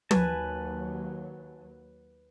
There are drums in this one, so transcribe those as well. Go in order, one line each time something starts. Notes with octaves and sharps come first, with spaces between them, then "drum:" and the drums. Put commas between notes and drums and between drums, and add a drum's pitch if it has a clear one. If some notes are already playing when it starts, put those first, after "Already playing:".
D#2 F#3 B4 G#5 A5, drum: tom